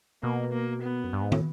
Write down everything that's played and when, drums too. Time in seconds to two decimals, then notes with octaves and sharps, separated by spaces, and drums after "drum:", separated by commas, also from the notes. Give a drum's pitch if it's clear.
0.23 B2 A#3
0.52 A#3
0.82 B3
1.04 F#2
1.13 G2
1.23 G#2
1.32 A2, drum: tom